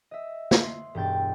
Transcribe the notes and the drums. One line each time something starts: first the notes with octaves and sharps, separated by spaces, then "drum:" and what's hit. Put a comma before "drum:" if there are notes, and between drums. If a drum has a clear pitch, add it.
D#5 E5
drum: snare
C6
E1 G2 G5 A6